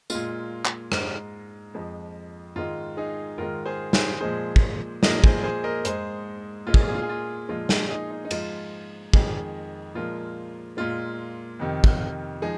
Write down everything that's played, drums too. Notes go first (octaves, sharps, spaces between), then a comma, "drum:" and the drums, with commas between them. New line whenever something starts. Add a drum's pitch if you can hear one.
A#2 G#3 F4, drum: tambourine
drum: clap
G#2 G#3, drum: rim click
F2 F3 G#3
G#2 D#3 G#3 F4
D#4 G#4
G#2 D#3 G#3 F4 A#4
G#4 C5
G#4 C5, drum: snare
A#2 F3 G#3 G#4 C5
drum: kick
A#2 F3 G#3 A#4 D#5, drum: snare
G#4 C5, drum: kick
G#4 C5
A#4 D#5
G#2 G#3 G#4 C5, drum: hi-hat
A#2 G#3 F4
G#4, drum: kick
F4
G#4
F4
G#4
F4
A#2 F3 G#3 F4
D#4 G#4, drum: snare
D#4 G#4
D#4
D#4
G#2 F3 G#3 F4, drum: cymbal
F2 D#3 G#3 D#4 G#4, drum: kick
A#2 F3 G#3 F4 A#4
A#2 G#3 F4
F2 C3 D#3
drum: kick
F3 G#3 D#4 G#4